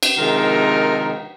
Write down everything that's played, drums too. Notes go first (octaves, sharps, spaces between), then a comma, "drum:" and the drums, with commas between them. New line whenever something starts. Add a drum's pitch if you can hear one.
drum: cymbal
C3 D#3 F3 G#3 D#4 A#4